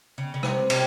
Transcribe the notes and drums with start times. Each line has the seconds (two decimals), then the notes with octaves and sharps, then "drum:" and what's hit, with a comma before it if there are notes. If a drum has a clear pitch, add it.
0.18 C#3
0.34 C#3
0.43 C3, drum: rim click
0.70 C3, drum: cymbal